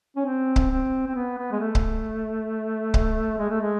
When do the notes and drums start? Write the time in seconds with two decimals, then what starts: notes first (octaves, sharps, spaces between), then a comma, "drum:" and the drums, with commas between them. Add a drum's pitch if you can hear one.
0.17 C#4
0.26 C4
0.56 drum: kick C#1
0.70 C4
1.06 C4
1.15 B3
1.38 B3
1.52 G#3
1.60 A3
1.75 drum: kick C#1
2.94 drum: kick C#1
3.38 G#3
3.50 A3
3.61 G#3